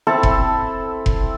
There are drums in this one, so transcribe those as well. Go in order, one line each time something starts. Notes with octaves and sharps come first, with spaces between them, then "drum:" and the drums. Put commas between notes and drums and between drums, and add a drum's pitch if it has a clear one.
C4 E4 A4 A5
drum: kick F1
drum: kick F1